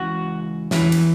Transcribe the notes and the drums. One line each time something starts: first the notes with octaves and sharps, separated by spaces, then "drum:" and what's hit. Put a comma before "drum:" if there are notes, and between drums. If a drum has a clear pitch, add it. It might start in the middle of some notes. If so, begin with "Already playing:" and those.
Already playing: C#2 C#3 E3 F#4
E2 E3, drum: snare
drum: cymbal